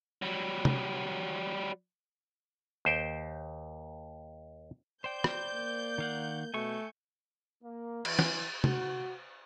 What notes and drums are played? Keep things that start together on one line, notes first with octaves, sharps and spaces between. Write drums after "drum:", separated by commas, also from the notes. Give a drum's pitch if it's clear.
F#3 G3
drum: tom
D#2 C5 G5
C5 D5 G5 G6
drum: rim click
A#3
D#3 F5 F#5
B2 A3 G#5 C#6
A#3
E3, drum: cymbal
drum: snare
F#4, drum: tom